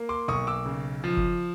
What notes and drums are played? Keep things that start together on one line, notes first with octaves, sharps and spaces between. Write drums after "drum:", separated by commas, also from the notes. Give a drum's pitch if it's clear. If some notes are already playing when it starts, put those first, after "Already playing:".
Already playing: A#3
C6 D6
B1 C#6 D#6
D6 E6
C#3
F3
drum: kick F#1